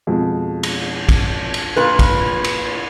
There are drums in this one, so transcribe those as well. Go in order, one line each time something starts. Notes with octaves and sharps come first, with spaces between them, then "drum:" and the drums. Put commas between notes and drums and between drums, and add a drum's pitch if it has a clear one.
F2 B2 G#3
drum: cymbal
drum: kick, cymbal
drum: cymbal
A#2 B4
drum: kick, cymbal
drum: cymbal